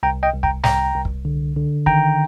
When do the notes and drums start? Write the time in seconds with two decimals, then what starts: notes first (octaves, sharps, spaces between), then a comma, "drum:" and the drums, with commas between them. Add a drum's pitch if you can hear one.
0.03 C2 G5 A#5
0.23 D#5 G5
0.33 C2
0.43 G5 A#5, drum: kick
0.64 C2 G5 A#5, drum: snare
0.95 C2
1.05 drum: kick
1.25 D3
1.56 D3
1.86 D#3 G5 A#5, drum: kick